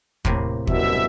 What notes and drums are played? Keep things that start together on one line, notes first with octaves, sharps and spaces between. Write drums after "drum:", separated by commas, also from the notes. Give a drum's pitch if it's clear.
A2 C3 A#3, drum: kick
C2 F#2 B2 E5, drum: kick